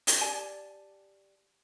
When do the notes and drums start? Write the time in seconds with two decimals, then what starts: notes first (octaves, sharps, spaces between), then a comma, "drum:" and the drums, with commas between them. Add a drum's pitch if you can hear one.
0.07 drum: hi-hat
0.21 G4 D5 G#5 A5